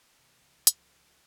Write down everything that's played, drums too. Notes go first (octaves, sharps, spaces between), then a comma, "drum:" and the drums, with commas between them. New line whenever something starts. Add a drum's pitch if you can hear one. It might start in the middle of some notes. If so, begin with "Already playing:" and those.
B2 D#3
C#2 C#3 F3
drum: hi-hat